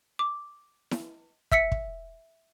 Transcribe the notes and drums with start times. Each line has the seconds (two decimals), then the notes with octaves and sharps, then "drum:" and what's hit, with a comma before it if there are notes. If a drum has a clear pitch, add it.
0.19 D6
0.91 drum: snare E4
1.52 E5 E6 B6 C#7, drum: kick
1.72 drum: kick